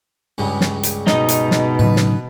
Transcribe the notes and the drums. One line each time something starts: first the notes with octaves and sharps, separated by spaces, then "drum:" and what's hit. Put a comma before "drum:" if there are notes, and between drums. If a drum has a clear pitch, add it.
C#2 G2 C#3
drum: snare
drum: hi-hat
B2 D#4 D#5, drum: snare
drum: hi-hat
drum: snare
A2 C#3 F#3 B4
drum: snare